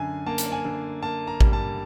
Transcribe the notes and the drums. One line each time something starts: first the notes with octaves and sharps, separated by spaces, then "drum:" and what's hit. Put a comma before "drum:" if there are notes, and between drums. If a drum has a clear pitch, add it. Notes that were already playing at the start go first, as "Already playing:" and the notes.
Already playing: F#2 D3 G#5
A#3 A5
drum: hi-hat
G#5
D3
A#3 A5
A#5
G3, drum: kick A1
A5